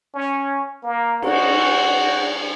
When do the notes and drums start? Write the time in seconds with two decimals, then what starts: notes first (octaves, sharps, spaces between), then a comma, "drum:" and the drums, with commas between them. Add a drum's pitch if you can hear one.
0.15 C#4
0.83 A#3
1.22 F#4, drum: cymbal